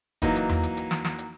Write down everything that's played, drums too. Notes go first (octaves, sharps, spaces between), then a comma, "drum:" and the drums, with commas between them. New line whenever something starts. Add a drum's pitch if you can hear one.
E3 F#3 A#3 D#4, drum: kick, hi-hat
drum: hi-hat
drum: tom E2
drum: hi-hat
drum: hi-hat
drum: snare
drum: snare
drum: hi-hat